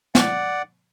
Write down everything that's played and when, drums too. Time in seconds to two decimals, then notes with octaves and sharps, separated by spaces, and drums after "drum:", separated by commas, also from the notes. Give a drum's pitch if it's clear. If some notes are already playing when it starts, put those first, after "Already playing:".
0.15 D5 F#5, drum: snare